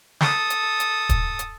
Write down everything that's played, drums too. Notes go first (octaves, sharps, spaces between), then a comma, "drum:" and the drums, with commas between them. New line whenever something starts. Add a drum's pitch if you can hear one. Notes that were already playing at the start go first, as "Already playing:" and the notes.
A4 D#6, drum: snare
drum: hi-hat
drum: hi-hat
drum: kick, hi-hat
drum: hi-hat